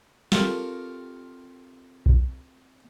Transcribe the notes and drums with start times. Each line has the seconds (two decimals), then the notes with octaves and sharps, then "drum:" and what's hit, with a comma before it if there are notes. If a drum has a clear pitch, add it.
0.32 C4 F4 G4 A4 A#4 C#5, drum: snare
2.06 drum: kick